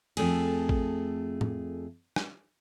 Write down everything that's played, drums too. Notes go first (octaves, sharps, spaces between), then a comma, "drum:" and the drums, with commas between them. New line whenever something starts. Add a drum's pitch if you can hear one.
F2 A3 G#4, drum: cymbal
drum: kick A1
drum: tom A2
drum: rim click